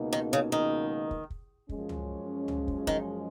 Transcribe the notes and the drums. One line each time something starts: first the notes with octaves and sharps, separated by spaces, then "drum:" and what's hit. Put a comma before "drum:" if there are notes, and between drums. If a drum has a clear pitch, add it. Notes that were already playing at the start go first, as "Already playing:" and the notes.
Already playing: C#2 B2 A#3 D#4
D#3
C#3
D#3
drum: kick
drum: kick
F#2 F3 G#3 C#4, drum: kick
drum: tom C#2
drum: tom C#2
drum: kick
D#3, drum: kick